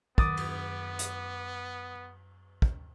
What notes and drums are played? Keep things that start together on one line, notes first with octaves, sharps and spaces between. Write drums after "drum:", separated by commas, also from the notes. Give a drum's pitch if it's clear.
F#2 D#3 B3 D6 D#6 A6, drum: kick
drum: cymbal
drum: hi-hat
drum: kick